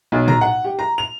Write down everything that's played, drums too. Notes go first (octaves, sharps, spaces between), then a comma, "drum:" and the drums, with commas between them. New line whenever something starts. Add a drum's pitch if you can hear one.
B1
A#5, drum: tom
F#5
G4
A#5
F7